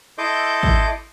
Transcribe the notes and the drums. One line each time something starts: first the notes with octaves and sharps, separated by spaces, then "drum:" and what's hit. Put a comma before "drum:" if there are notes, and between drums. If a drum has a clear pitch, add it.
E4 A4 D#5 C6 D6 G6
drum: kick G#1